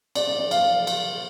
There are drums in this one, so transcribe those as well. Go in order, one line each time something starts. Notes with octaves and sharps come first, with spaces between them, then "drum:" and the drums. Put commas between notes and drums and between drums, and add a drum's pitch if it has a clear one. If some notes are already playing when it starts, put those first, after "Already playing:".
D5, drum: cymbal
D5
D5
F5, drum: cymbal
drum: cymbal